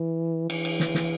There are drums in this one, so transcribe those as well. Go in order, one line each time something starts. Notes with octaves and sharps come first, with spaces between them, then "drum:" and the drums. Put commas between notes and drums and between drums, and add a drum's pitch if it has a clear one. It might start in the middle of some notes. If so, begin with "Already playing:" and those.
Already playing: E3
E3, drum: cymbal
drum: cymbal
drum: snare
drum: snare